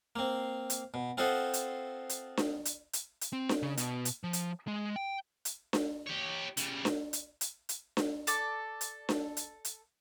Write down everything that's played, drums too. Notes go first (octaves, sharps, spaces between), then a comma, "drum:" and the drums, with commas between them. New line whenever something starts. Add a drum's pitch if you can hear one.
A#3 C4
drum: hi-hat
B2
C4 F4 A4 C5 D#5 F#5
drum: hi-hat
drum: hi-hat
drum: snare D4
drum: hi-hat
drum: hi-hat
drum: hi-hat
C4
drum: snare D4
C#3
B2, drum: hi-hat
drum: hi-hat
F3
drum: hi-hat
G#3
G5
drum: hi-hat
drum: snare D4
G4 C#5
C#3 G3, drum: hi-hat
drum: snare D4
drum: hi-hat
drum: hi-hat
drum: hi-hat
drum: snare D4
A4 D5 D6, drum: hi-hat
drum: hi-hat
drum: snare D4
drum: hi-hat
drum: hi-hat